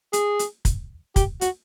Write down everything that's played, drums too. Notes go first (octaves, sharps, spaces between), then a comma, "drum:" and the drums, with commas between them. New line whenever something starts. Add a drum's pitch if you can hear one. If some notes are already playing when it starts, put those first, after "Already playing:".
G#4, drum: hi-hat
drum: hi-hat
drum: kick, hi-hat
G4, drum: kick, hi-hat
F#4, drum: hi-hat